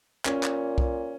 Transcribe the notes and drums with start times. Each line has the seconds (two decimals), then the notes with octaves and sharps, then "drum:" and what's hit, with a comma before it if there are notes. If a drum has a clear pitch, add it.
0.25 A#2 C#4, drum: clap
0.43 drum: clap
0.78 drum: kick